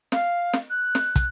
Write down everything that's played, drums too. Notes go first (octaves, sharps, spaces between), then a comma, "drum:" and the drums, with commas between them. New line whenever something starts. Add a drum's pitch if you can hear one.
F5, drum: snare
drum: snare
F#6
drum: snare
drum: kick, hi-hat